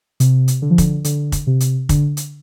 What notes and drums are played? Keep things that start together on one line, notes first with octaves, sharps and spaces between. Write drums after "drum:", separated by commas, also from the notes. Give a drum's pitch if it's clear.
C3, drum: hi-hat
drum: hi-hat
D3
F3
D3, drum: kick, hi-hat
D3, drum: hi-hat
drum: kick, hi-hat
C3
drum: hi-hat
D3, drum: kick, hi-hat
drum: hi-hat